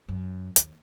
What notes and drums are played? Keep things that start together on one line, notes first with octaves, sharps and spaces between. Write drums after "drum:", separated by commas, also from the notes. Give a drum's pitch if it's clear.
F#2
D#2, drum: hi-hat